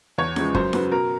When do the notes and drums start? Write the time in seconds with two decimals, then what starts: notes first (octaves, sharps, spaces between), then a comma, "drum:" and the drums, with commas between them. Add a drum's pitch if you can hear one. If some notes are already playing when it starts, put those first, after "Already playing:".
0.18 E2 C#5
0.36 C#3 F3 G#3, drum: snare E4
0.55 F#2 C5, drum: kick
0.73 C#3 F#3 B4, drum: snare E4
0.92 B2 A#4